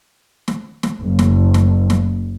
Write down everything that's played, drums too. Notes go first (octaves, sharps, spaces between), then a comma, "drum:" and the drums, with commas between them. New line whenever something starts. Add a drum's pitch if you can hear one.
drum: snare
drum: snare
F#1
drum: snare
drum: snare
drum: snare